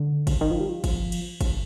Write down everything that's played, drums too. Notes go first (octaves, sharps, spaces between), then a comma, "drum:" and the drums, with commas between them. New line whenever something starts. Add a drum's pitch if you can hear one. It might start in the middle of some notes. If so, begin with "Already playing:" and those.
Already playing: D3
drum: kick G1, cymbal
D#3
F3
G3
F3
drum: kick G1, cymbal
drum: cymbal
drum: kick G1, cymbal